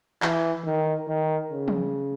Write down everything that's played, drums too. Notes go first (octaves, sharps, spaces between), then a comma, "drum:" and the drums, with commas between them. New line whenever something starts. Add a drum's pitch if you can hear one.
E3, drum: clap
D#3
D#3
C#3
drum: tom